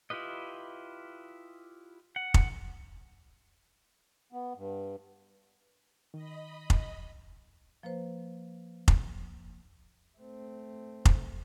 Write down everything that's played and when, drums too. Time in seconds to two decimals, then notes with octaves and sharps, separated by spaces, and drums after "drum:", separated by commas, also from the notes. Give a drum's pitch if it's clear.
0.10 E4 F4 G4 B4 D#5
2.16 F#5
2.34 drum: kick F1
4.33 B3
4.56 G2
6.14 D#3 D#5 B5
6.70 drum: kick F1
7.83 F3 A#3 B4 C5
8.88 drum: kick F1
10.18 A3 C4
11.05 drum: kick F1